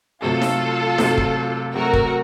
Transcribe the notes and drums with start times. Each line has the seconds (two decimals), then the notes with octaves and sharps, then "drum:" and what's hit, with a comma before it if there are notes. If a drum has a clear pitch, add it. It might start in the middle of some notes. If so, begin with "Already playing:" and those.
0.22 C3 F#3 A3 F4 A4
0.42 drum: snare D#4
0.98 C3 F#3 A3, drum: snare D#4
1.18 drum: kick
1.75 C3 F#3 A3 F#4 A#4
1.93 drum: kick